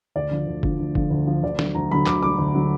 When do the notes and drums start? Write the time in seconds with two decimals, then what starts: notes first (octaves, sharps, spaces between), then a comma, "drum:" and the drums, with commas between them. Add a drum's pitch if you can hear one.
0.16 D2 D5
0.31 D3 F3
0.47 D2
0.63 D3 F3, drum: kick F1
0.79 D2
0.95 D3 F3, drum: kick F1
1.11 D2
1.27 D3 F3
1.43 D2 D5
1.59 D3 F#3, drum: snare
1.75 D2 A#5
1.91 D3 F#3 B5
2.06 D2 D6, drum: clap
2.23 D3 F#3 D6
2.39 D2
2.55 D3 F#3